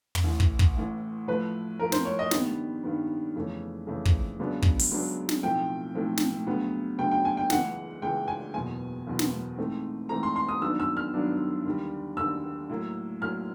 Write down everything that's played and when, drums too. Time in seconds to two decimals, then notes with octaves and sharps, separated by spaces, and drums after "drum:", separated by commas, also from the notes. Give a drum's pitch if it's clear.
0.15 drum: tom
0.24 A1 A2 E3
0.40 drum: kick
0.59 drum: kick
0.76 A1 A2 E3
1.27 A2 F3 A3 B4
1.79 A2 F3 A3 A#4
1.92 C5, drum: snare
2.05 C#5
2.19 D#5
2.31 G2 D#3 G3 B3, drum: snare
2.84 G2 D#3 G3 B3
3.35 F2 C#3 E3 A3 C#4
3.87 F2 C#3 E3 A3 C#4
4.05 drum: kick
4.39 C#2 C#3 F#3 B3 D4
4.62 drum: kick
4.79 drum: open hi-hat
4.91 C#2 C#3 F#3 B3 D4
5.29 drum: snare
5.42 B1 A2 F3 A3 C4 G5
5.94 B1 A2 F3 A3 C4
6.17 drum: snare
6.47 D2 C#3 F#3 B3
6.98 D2 C#3 F#3 B3 G5
7.11 G5
7.25 G#5
7.37 G5
7.50 C#2 C#3 E3 G#3 F#5, drum: snare
8.02 C#2 C#3 E3 G#3 G5
8.28 G#5
8.54 F#1 E2 B2 G#5
9.07 F#1 E2 B2
9.19 drum: snare
9.57 G#2 E3 A3 C4
10.09 G#2 E3 A3 C4 A#5
10.23 C6
10.36 C6
10.49 D#6
10.62 G2 D#3 F#3 B3 D4 E6
10.80 E6
10.97 F6
11.14 G2 D#3 F#3 B3 D4
11.65 D#2 D3 G3
12.17 D#2 D3 G3 E6
12.69 A2 F#3 A#3
13.21 A2 F#3 A#3 F6